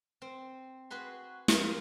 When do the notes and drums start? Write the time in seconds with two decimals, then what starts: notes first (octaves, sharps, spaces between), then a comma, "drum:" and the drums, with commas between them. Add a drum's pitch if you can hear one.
0.22 C4
0.90 F#4 G#4 B4 C6
1.48 A#3 F4 C5, drum: snare